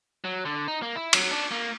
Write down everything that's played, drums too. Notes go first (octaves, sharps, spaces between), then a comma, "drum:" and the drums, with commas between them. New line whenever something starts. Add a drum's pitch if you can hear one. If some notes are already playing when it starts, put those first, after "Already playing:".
F#3
D3
D#4
A#3
E4
F#3, drum: cymbal
D4
A#3